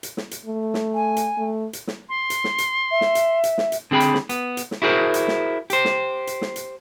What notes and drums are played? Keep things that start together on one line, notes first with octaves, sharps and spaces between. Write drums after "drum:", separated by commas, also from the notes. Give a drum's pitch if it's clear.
drum: hi-hat
drum: snare
drum: hi-hat
A3
drum: snare
G#5
drum: hi-hat
A3
drum: hi-hat
drum: snare
C6
drum: hi-hat
drum: snare
drum: hi-hat
E5
drum: snare
drum: hi-hat
drum: hi-hat
drum: snare
drum: hi-hat
D3 C4 G#4 G5 B5
drum: hi-hat
drum: snare
B3, drum: hi-hat
drum: hi-hat
drum: snare
E4 F#4 G#4 A#4 C5
drum: hi-hat
drum: snare
G4 C5, drum: hi-hat
drum: snare
drum: hi-hat
drum: snare
drum: hi-hat